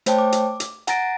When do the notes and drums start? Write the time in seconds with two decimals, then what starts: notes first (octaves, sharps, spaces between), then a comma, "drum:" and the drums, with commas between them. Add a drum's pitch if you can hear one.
0.06 A3 C5 C#5 G5 A5, drum: hi-hat
0.18 D6
0.32 drum: hi-hat
0.60 drum: hi-hat
0.87 F#5 G#5 A#5 A6 A#6 D7, drum: hi-hat